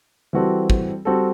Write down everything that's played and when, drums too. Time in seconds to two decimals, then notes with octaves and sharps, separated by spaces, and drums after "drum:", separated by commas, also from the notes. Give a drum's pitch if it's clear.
0.33 E3 G3 C4 F#4 A4
0.70 drum: kick
1.05 G3 C4 F#4 A4